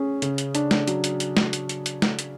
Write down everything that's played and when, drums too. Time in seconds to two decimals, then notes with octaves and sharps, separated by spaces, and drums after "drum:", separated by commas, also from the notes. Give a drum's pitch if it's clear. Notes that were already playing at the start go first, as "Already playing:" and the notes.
Already playing: C#4 G#4
0.22 C#3, drum: hi-hat
0.38 drum: hi-hat
0.55 D4, drum: hi-hat
0.71 drum: snare
0.87 F#3, drum: hi-hat
1.04 drum: hi-hat
1.20 drum: hi-hat
1.37 drum: snare
1.53 drum: hi-hat
1.69 drum: hi-hat
1.86 drum: hi-hat
2.02 drum: snare
2.19 drum: hi-hat